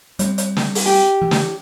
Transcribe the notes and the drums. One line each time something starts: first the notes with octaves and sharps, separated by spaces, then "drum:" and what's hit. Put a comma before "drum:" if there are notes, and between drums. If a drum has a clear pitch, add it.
G3 C4, drum: hi-hat
drum: hi-hat
drum: snare
drum: open hi-hat
G4
E3
drum: snare